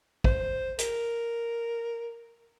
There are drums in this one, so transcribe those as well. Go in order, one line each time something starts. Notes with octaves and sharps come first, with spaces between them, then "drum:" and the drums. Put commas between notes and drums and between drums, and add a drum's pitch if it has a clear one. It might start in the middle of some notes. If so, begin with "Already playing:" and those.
C5, drum: kick
A#4, drum: hi-hat